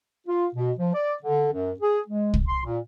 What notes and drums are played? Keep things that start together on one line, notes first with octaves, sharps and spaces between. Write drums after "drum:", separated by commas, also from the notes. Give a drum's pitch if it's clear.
F4
B2
F3
D5
D3
F#2
G#4
G#3
drum: kick
C6
A#2